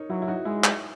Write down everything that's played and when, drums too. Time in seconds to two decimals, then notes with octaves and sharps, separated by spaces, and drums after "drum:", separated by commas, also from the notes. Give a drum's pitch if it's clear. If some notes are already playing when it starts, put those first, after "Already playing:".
Already playing: D#4 A#4 C#5
0.09 F#3 E4
0.22 E4
0.28 D#4 F#4
0.45 G#3 E4
0.64 drum: clap